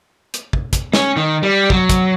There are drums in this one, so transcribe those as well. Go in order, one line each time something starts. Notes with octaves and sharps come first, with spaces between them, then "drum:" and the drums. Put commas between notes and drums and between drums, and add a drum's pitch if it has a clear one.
drum: hi-hat
drum: kick
drum: kick, hi-hat
C#4, drum: snare
D#3
G3
F#3, drum: kick
drum: kick, hi-hat